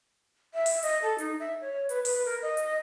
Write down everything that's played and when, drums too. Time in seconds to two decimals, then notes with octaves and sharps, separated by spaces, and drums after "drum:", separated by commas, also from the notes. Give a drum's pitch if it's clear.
0.54 E5
0.66 drum: open hi-hat
0.83 D#5, drum: hi-hat
1.02 A4
1.18 D#4, drum: hi-hat
1.40 E5
1.61 C#5
1.89 B4, drum: hi-hat
2.05 B4, drum: open hi-hat
2.25 A#4
2.42 D#5
2.57 drum: hi-hat